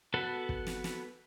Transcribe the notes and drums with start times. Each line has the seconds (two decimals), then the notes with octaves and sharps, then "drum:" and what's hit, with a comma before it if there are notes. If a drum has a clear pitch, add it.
0.14 B3 F#4 A4 B4 F#5
0.49 drum: kick
0.67 drum: snare
0.84 drum: snare